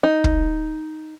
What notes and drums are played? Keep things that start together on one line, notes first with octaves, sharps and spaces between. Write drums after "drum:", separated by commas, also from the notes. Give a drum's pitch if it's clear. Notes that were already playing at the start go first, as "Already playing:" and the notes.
D#4
drum: kick